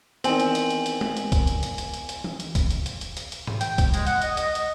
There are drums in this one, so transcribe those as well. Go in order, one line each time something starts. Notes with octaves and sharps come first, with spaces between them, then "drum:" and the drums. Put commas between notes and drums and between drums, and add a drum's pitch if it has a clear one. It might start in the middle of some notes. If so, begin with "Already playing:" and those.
E2 D#3 C4 G#5 F#7, drum: hi-hat
drum: hi-hat
drum: hi-hat
drum: hi-hat
drum: hi-hat
drum: tom G#3
drum: hi-hat
drum: kick, hi-hat
drum: hi-hat
drum: hi-hat
drum: hi-hat
drum: hi-hat
drum: hi-hat
drum: tom E3
drum: hi-hat
drum: kick, hi-hat
drum: hi-hat
drum: hi-hat
drum: hi-hat
drum: hi-hat
drum: hi-hat
drum: tom
G5, drum: hi-hat
drum: kick, hi-hat
G#3, drum: hi-hat
F#5, drum: hi-hat
D#5, drum: hi-hat
D#5, drum: hi-hat
drum: hi-hat